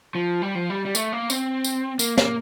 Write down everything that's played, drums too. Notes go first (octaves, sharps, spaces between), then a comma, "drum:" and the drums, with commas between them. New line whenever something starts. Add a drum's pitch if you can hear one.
F3
G3
F3
G3
G3
A3, drum: tambourine
A#3
C4, drum: tambourine
drum: tambourine
A#3, drum: tambourine
A#3, drum: snare